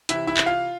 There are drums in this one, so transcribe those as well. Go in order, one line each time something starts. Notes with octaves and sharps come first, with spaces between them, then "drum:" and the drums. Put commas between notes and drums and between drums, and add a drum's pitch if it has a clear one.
C3 E3 E4 E5, drum: hi-hat
E4 E5
drum: clap
F4 F5